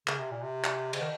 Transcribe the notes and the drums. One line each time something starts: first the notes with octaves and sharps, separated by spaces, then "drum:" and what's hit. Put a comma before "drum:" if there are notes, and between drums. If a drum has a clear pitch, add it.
C#3, drum: clap
C3
A#2
C3
drum: clap
C#3, drum: cymbal
D#3